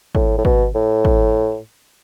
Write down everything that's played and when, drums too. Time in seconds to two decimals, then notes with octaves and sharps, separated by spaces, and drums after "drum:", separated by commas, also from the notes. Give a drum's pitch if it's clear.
0.15 A2, drum: kick
0.38 A2
0.45 B2, drum: kick
0.74 A2
1.05 drum: kick